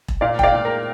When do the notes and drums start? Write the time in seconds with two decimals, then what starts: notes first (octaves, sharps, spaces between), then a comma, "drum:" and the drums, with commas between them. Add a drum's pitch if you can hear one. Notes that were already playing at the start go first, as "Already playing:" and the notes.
0.08 drum: kick E1
0.21 A#2 D5 F5
0.39 G5, drum: kick E1
0.43 D5 F5
0.54 A#2
0.65 A#4